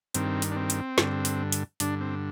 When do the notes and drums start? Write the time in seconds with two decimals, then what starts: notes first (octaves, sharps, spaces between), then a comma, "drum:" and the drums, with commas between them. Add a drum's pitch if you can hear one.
0.15 G2 D#3 C4, drum: hi-hat
0.42 drum: hi-hat
0.52 D4
0.56 C4
0.70 drum: hi-hat
0.98 G2 D3, drum: snare
1.25 drum: hi-hat
1.52 drum: hi-hat
1.80 G2 D3 D4, drum: hi-hat
2.01 C4